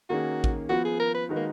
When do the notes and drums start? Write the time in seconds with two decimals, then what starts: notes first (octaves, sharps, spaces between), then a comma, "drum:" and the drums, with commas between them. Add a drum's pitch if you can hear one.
0.09 D#3 A#3 C#4 F#4 G#4
0.44 drum: kick A1
0.69 F3 B3 F4 F#4
0.85 G#4
1.00 A#4
1.14 B4
1.29 D#3 G#3 D#4 F#4 B4
1.36 A#3